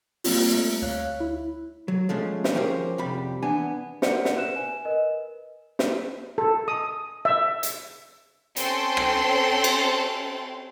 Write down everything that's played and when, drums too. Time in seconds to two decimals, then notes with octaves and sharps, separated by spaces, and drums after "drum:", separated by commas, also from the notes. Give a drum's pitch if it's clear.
0.24 G3 A#3 C4 F4, drum: open hi-hat
0.52 G3 A3
0.82 D2 C#5 F5 F#6
1.20 E4
1.88 F#3
2.09 F3 G#3 A3 C#4
2.44 drum: snare
2.55 F3 C#4 G4 G#4 A#4 C5
2.98 F2 C3 G3 G4 B5
3.42 E2 B3 D4 G#5
4.02 A#4 C5 D5 F#5 C#7, drum: snare
4.25 drum: snare
4.36 B4 E5 F#6 E7
4.56 G#5 E7
4.85 A#4 B4 D#5
5.79 drum: snare
6.38 A4
6.68 D#6
7.25 E5
7.63 drum: hi-hat
8.56 C4 C#4 A4 G5 C6, drum: hi-hat
8.97 drum: rim click
9.64 drum: cymbal